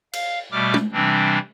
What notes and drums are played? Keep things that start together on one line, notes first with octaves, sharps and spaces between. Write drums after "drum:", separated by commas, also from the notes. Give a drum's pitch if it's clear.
F5, drum: cymbal
B2 G3 A3 D6 F6
drum: tom
C3 E3 G3 C4 D4